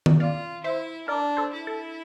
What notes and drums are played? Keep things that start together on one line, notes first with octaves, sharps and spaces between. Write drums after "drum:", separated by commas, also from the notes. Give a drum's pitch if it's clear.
drum: tom D#3
F4 D5 F5
E4 C5 E5
D4 A#4 D5
A4 C5
E4
A4